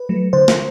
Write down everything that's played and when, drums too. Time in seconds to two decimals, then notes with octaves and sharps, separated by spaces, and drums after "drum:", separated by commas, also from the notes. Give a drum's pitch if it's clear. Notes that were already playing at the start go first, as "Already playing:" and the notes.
Already playing: B4
0.09 F#3 A3
0.33 D3 C5
0.48 drum: snare